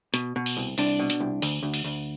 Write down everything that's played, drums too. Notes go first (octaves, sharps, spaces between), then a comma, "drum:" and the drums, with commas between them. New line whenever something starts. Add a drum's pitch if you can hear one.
B2, drum: hi-hat
B2
drum: open hi-hat
C2
C2 D4, drum: open hi-hat
B2
drum: hi-hat
C2
D2, drum: open hi-hat
D2
drum: open hi-hat
D2